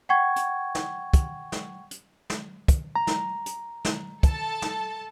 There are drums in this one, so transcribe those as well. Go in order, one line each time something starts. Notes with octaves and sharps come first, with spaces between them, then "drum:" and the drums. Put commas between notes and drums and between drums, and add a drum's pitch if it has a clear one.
F#5 G5 C#6 G#6
drum: hi-hat
drum: snare
drum: kick, hi-hat
drum: snare
drum: hi-hat
drum: snare
drum: kick, hi-hat
A#5
drum: snare
drum: hi-hat
drum: snare
A4 A5, drum: kick, hi-hat
drum: snare